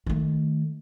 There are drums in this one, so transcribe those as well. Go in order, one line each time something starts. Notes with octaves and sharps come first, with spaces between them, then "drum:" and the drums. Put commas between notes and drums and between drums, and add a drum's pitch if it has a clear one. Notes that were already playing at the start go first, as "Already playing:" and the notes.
D#3 A3, drum: kick G1